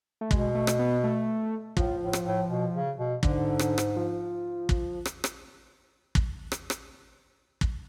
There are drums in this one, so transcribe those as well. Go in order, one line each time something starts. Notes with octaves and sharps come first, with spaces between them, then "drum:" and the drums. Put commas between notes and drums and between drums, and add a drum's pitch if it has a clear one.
A3
B2 G#3, drum: kick
A3
drum: rim click
B3
A3
A2 F3, drum: kick
A2
drum: rim click
A2
B2
C#3
B2
G#2 D3, drum: kick
drum: rim click
drum: rim click
F3
drum: kick
drum: rim click
drum: rim click
drum: kick
drum: rim click
drum: rim click
drum: kick